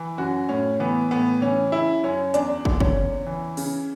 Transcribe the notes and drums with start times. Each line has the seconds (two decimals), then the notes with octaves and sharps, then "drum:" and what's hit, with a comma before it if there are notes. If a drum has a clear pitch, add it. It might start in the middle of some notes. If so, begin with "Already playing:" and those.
Already playing: E3
0.18 F#2 F#4
0.49 A2 C#4
0.80 E3 B3
1.11 A2 B3
1.41 E3 C#4
1.72 C#3 E4
2.04 F#2 C#4
2.34 E2 D4, drum: hi-hat
2.65 D3, drum: kick
2.80 C#4, drum: kick
2.96 E2
3.27 E3
3.57 C#3, drum: open hi-hat